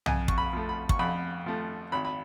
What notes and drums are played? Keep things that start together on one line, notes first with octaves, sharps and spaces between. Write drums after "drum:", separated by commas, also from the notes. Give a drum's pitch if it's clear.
F2 G#5, drum: tom
C#6, drum: kick
B5
F3 A3
B5
C#6, drum: kick
F2 B5
F3 A3
G#1 B5
B5